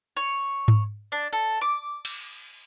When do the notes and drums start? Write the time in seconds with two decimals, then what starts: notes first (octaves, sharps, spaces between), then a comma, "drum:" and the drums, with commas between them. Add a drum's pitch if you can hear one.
0.16 C#5
0.68 drum: tom G#2
1.12 D4
1.33 A4
1.61 D6
2.05 drum: cymbal